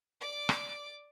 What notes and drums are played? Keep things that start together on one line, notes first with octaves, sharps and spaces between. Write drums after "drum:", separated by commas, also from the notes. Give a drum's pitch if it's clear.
D5 D6
drum: rim click